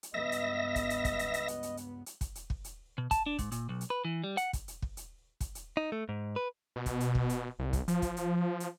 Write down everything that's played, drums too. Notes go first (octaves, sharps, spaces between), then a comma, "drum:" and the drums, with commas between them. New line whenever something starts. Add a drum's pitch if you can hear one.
drum: hi-hat
C#2 G2 B3 D#5 E5 A#6
drum: hi-hat
drum: kick, hi-hat
drum: hi-hat
drum: kick, hi-hat
drum: hi-hat
drum: hi-hat
drum: hi-hat
drum: hi-hat
drum: hi-hat
drum: hi-hat
drum: kick, hi-hat
drum: hi-hat
drum: kick
drum: hi-hat
B2
A5, drum: kick, hi-hat
D4
G#2, drum: kick, hi-hat
A#2, drum: hi-hat
B1
drum: hi-hat
B4
E3
G3
F#5, drum: hi-hat
drum: kick, hi-hat
drum: hi-hat
drum: kick
drum: hi-hat
drum: kick, hi-hat
drum: hi-hat
D#4
A3
G#2
B4
B2
drum: kick, hi-hat
drum: hi-hat
drum: kick
drum: hi-hat
C2
drum: kick, hi-hat
F3, drum: hi-hat
drum: kick, hi-hat
drum: hi-hat
drum: hi-hat